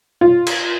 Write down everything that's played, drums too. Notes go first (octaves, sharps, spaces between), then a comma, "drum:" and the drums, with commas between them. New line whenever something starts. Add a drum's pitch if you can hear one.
F4
drum: cymbal